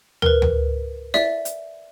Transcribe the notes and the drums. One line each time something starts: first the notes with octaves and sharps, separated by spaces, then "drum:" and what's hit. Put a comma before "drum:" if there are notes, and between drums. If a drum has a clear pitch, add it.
A#4 B4, drum: tom
drum: tom
D5 E5, drum: snare E4
drum: hi-hat